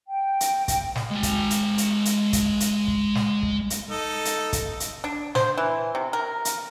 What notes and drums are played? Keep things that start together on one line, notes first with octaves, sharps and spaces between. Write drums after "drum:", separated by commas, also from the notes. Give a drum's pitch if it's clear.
G5
drum: hi-hat
drum: kick, hi-hat
drum: snare
G#3 G5
drum: kick, hi-hat
drum: hi-hat
drum: hi-hat
drum: hi-hat
drum: kick, hi-hat
drum: hi-hat
drum: kick
drum: snare
drum: kick
drum: hi-hat
D#4 A4
drum: hi-hat
drum: kick, hi-hat
drum: hi-hat
D4
C5, drum: snare
E3
C3
A#4
drum: hi-hat